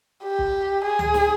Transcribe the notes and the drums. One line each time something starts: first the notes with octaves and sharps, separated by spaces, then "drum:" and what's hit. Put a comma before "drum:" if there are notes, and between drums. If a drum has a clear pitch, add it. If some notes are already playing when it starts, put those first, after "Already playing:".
G4
drum: kick
G#4
drum: tom C#2
drum: snare